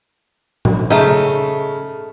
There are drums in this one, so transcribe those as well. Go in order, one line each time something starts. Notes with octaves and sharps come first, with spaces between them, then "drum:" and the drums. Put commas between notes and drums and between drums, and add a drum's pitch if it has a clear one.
drum: tom A#2
C#3 A3 D#4